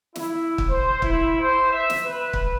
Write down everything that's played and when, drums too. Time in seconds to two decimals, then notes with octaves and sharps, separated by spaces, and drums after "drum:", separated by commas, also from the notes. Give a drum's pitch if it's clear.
0.16 E4, drum: snare
0.58 drum: kick
0.69 C5
1.02 E4, drum: kick
1.40 C5
1.71 E5
1.90 drum: snare
2.04 B4
2.33 drum: kick